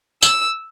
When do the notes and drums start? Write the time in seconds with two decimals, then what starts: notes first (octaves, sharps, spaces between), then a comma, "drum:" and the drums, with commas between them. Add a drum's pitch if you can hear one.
0.22 E6, drum: tambourine